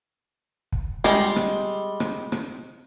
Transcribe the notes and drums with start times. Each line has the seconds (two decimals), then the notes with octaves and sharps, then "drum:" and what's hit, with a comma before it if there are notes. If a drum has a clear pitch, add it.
0.72 drum: kick
1.04 G3 G#3, drum: rim click
1.36 drum: rim click
2.00 drum: rim click
2.32 drum: rim click